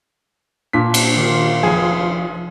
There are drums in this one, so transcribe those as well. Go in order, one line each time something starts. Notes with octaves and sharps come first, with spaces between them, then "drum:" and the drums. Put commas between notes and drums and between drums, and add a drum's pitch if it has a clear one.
A#2 D4 B6
drum: cymbal
D#3 F4
F1 F3 G#4